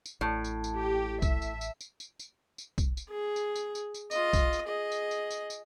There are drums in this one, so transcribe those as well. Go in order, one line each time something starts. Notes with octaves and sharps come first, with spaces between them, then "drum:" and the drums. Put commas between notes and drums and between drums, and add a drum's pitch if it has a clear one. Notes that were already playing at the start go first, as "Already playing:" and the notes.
drum: tambourine
A1 A2
drum: tambourine
drum: tambourine
G4
E5, drum: kick B1, tambourine
drum: tambourine
drum: tambourine
drum: tambourine
drum: tambourine
drum: tambourine
drum: tambourine
drum: kick B1, tambourine
drum: tambourine
G#4
drum: tambourine
drum: tambourine
drum: tambourine
drum: tambourine
F4 D#5, drum: tambourine
drum: kick B1, tambourine
drum: tambourine
G#4 D#5
drum: tambourine
drum: tambourine
drum: tambourine
drum: tambourine